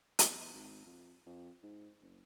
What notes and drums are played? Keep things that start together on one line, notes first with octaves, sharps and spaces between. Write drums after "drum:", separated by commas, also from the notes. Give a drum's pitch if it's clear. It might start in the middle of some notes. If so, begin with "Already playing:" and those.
E2, drum: hi-hat
G#1
F2
F2
G#2
F#1